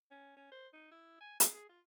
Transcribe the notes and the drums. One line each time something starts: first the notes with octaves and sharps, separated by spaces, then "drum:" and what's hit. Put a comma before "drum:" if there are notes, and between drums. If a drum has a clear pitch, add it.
C#4
C#4
C5
D#4
E4
G#5
G#4, drum: hi-hat
G#4
F4